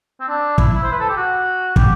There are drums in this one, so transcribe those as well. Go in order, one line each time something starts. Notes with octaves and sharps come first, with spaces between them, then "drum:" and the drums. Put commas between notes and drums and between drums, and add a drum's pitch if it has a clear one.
C4
D4
E4, drum: kick
E4
C5
B4
A4
G4
F#4
G4, drum: kick